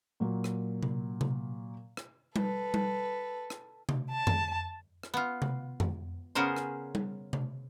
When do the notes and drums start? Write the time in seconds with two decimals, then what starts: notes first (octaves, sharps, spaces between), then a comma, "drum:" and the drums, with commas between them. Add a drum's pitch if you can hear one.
0.20 A#2 F#3 A#4
0.44 drum: rim click
0.83 drum: tom C3
1.21 drum: tom C3
1.97 drum: rim click
2.36 A4 B4, drum: tom G3
2.74 drum: tom G3
3.50 drum: rim click
3.89 drum: tom C3
4.09 A5
4.27 drum: tom F2
5.03 drum: rim click
5.14 B3 F4
5.42 drum: tom C3
5.80 drum: tom F2
6.35 C#3 B3 C#4 G#4 A#4 C5
6.56 drum: rim click
6.95 drum: tom G3
7.33 drum: tom C3